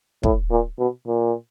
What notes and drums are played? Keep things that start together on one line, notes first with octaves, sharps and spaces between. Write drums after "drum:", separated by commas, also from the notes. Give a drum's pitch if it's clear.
A2, drum: kick
A#2
B2
A#2